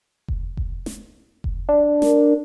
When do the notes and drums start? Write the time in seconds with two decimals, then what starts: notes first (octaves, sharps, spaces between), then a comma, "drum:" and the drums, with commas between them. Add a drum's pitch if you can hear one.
0.28 drum: kick F1
0.57 drum: kick F1
0.86 drum: snare
1.44 drum: kick F1
1.69 D4
2.02 A#4, drum: snare